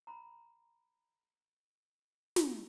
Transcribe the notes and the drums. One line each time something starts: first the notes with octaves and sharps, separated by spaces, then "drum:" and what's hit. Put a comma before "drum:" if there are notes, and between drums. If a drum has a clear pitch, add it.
A#5 B5
drum: snare